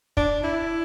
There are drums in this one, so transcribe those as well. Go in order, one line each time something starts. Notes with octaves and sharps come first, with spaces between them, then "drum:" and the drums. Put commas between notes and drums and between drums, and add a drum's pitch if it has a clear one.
D4, drum: kick
E4